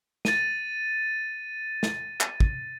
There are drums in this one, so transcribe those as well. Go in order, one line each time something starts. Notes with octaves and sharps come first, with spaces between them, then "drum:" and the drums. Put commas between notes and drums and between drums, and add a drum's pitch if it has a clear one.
A6 D#7, drum: snare
drum: snare
drum: clap
drum: kick